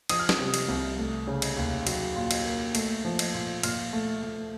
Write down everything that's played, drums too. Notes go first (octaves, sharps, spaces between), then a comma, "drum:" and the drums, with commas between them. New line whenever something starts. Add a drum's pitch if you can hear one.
F3 D#6, drum: cymbal
F6
D#6, drum: snare
C3
drum: cymbal
C2
A3
C#3
drum: cymbal
D#2
F#3, drum: cymbal
A#2
drum: cymbal
A#3
A3, drum: cymbal
F3
drum: cymbal
A#2
A#2 F6, drum: cymbal
A3
A3